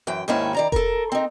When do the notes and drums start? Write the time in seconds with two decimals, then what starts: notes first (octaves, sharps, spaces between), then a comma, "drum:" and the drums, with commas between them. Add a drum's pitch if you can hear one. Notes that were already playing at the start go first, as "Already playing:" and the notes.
0.07 F#2 E3 G5
0.28 D#2 G#2 D#3 C#4 E4
0.54 D#3 D5 A#5
0.72 A4 A#4, drum: kick F1
1.12 C4 D#4